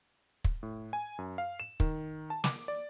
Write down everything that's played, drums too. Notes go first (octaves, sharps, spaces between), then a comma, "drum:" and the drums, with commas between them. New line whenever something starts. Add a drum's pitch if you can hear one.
drum: kick
A2
G#5
F#2
F5
E7
D#3, drum: kick
A5
D6, drum: snare
D5